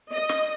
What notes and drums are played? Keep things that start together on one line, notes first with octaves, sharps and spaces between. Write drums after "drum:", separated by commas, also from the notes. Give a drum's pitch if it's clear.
D#5
drum: snare